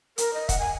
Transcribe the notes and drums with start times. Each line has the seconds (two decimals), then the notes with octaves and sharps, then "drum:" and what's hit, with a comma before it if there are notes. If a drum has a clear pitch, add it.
0.18 A#4, drum: hi-hat
0.34 D#5
0.49 F#5, drum: kick, hi-hat
0.59 G#5